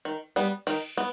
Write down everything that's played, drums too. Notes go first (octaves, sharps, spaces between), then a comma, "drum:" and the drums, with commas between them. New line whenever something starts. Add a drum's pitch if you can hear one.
D#3
G3 B3
D#3, drum: cymbal
B3